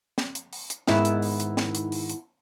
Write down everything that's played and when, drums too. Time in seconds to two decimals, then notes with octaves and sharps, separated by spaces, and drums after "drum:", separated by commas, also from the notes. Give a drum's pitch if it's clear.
0.18 drum: snare
0.35 drum: hi-hat
0.53 drum: open hi-hat
0.70 drum: hi-hat
0.87 G#2 D#3 B3 E4 E5, drum: snare
1.05 drum: hi-hat
1.22 drum: open hi-hat
1.40 drum: hi-hat
1.57 drum: snare
1.75 drum: hi-hat
1.92 drum: open hi-hat
2.10 drum: hi-hat